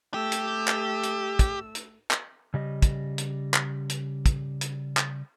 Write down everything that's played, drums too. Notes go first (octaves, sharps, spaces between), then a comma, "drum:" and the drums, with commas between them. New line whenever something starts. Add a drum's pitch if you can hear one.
A3 G4 E6
drum: hi-hat
drum: clap
drum: hi-hat
drum: kick, hi-hat
drum: hi-hat
drum: clap
C#3 G3 D#5
drum: kick, hi-hat
drum: hi-hat
drum: clap
drum: hi-hat
drum: kick, hi-hat
drum: hi-hat
drum: clap